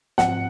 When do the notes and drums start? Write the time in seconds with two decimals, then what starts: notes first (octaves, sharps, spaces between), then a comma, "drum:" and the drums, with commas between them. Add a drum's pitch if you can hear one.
0.18 G#2 F3 C4 F#5, drum: snare